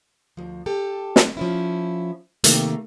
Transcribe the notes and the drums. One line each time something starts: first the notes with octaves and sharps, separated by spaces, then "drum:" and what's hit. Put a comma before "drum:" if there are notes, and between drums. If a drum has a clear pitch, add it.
D2 F3
G4 A4
drum: snare
F3 C#4 E4
C3 D#3 A3 A#3, drum: hi-hat